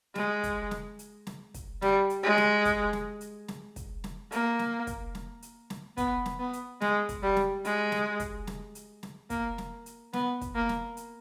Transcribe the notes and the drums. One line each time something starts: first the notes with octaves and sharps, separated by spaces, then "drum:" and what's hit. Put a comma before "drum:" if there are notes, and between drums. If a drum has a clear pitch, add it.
G#3, drum: snare
drum: kick, hi-hat
drum: snare
drum: hi-hat
drum: snare
drum: kick, hi-hat
G3, drum: snare
drum: hi-hat
G#3
drum: snare
drum: kick, hi-hat
drum: snare
drum: hi-hat
drum: snare
drum: kick, hi-hat
drum: snare
A#3, drum: hi-hat
drum: snare
drum: kick, hi-hat
drum: snare
drum: hi-hat
drum: snare
B3, drum: kick, hi-hat
drum: snare
B3
drum: hi-hat
G#3, drum: snare
drum: kick, hi-hat
G3
drum: snare
G#3, drum: hi-hat
drum: snare
drum: kick, hi-hat
drum: snare
drum: hi-hat
drum: snare
A#3, drum: kick, hi-hat
drum: snare
drum: hi-hat
B3, drum: snare
drum: kick, hi-hat
A#3
drum: snare
drum: hi-hat